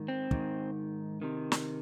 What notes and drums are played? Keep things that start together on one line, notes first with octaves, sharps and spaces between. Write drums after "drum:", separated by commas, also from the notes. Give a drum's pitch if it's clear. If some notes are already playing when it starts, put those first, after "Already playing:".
Already playing: G#2 D#3
C4
G#2 D#3, drum: kick
C3 D#3
drum: snare